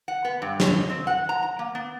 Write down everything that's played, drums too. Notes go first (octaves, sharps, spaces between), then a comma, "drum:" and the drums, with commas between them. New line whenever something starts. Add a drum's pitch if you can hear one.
F#5
B3
G2
C#5, drum: snare
D#5
C4
F#5
A#5
A#5
A#3
B3